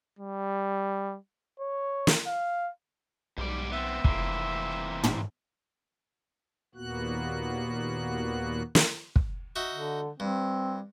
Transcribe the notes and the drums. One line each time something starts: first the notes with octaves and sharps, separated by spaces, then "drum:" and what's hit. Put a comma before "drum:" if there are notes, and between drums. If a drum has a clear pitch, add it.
G3
C#5
drum: snare
F5
B1 G#2 G3 D5
B3 C4 E5
F1 E3 A#3 C4, drum: kick
drum: tom
D#2 A#2 A#3 B3 F#4 F#6
drum: snare
drum: kick
D#4 F#4 E5
D3
G2 C4